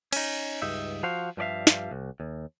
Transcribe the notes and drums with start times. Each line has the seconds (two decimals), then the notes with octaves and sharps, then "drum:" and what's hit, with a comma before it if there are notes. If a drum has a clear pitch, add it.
0.13 C#4 D#4, drum: cymbal
0.62 C#2 G2 D#4 E5
1.03 F3 F#4 C5 F5
1.37 G2 F3 G3 D5 E5 F5
1.67 drum: snare
1.91 C2
2.20 D#2